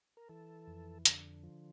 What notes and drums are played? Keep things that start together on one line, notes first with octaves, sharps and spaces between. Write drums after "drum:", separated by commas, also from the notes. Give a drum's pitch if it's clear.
A#4
E3 A4
F2
D3, drum: hi-hat
F3